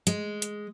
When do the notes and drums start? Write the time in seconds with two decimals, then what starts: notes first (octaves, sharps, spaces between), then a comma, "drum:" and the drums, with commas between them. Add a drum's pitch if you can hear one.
0.07 G#3, drum: hi-hat
0.42 drum: hi-hat